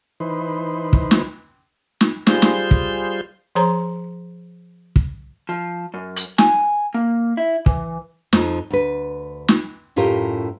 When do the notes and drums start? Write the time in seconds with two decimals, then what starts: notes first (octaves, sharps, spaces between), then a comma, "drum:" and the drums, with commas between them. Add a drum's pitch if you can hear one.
0.20 E3 D#4 B4 C5
0.93 drum: kick
1.11 drum: snare
2.01 drum: snare
2.27 G3 F4 G#4 C5 G6, drum: snare
2.42 drum: snare
2.71 drum: kick
3.55 F3 G#4 C5 C#5 A#5 C6
4.96 drum: kick
5.49 F3
5.94 F#2
6.16 drum: hi-hat
6.38 G#5, drum: snare
6.94 A#3
7.37 E4
7.66 E3, drum: kick
8.33 F2 F3 D#4, drum: snare
8.71 D2 B4
9.48 drum: snare
9.96 F#2 A2 C#4 F4 G4 A#4